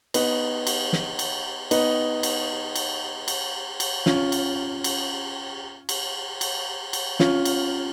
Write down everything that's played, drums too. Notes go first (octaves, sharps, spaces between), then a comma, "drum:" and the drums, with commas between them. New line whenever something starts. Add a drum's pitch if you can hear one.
B3 D#4, drum: cymbal
drum: cymbal
drum: snare
drum: cymbal
B3 D#4, drum: cymbal
drum: cymbal
drum: cymbal
drum: cymbal
drum: cymbal
C#4 F4, drum: snare
drum: cymbal
drum: cymbal
drum: cymbal
drum: cymbal
drum: cymbal
C#4 F4, drum: snare
drum: cymbal